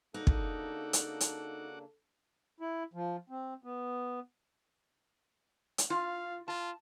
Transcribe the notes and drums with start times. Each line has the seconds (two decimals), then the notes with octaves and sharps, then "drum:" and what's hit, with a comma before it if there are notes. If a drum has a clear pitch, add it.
0.14 C#3 A#3 D4 D#4 F#4 A4 F#5 D6
0.27 drum: kick
0.93 drum: hi-hat
1.20 drum: hi-hat
2.60 E4
2.94 F3
3.30 C4
3.64 B3
5.78 drum: hi-hat
5.90 F4 F5
6.48 F4 A5